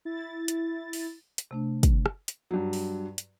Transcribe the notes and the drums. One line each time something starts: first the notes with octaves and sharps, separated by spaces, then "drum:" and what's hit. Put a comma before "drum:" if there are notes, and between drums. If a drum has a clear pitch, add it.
E4 A6
drum: hi-hat
drum: open hi-hat
drum: hi-hat
C3 A3 D4
drum: kick, hi-hat
drum: rim click
drum: hi-hat
G2 F#3
drum: open hi-hat
drum: hi-hat